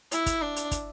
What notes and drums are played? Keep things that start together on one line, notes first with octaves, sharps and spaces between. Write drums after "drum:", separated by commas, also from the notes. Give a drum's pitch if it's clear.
E4, drum: hi-hat
drum: kick, hi-hat
D4
drum: hi-hat
drum: kick, hi-hat